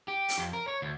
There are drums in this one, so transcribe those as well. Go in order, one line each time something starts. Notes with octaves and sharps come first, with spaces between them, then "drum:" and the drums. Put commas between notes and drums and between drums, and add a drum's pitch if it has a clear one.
G4
drum: hi-hat
F2
A#4
C#5
D2